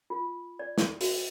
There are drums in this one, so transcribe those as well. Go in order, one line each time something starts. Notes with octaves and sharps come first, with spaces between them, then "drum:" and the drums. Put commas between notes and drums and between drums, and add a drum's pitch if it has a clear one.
F4
D5
drum: snare
F#4, drum: open hi-hat